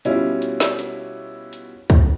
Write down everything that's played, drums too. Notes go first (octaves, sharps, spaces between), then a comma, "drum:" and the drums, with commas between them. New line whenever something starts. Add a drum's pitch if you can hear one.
B2 G3 C#4 E4 F4, drum: hi-hat
drum: hi-hat
drum: snare
drum: hi-hat
drum: hi-hat
drum: kick, hi-hat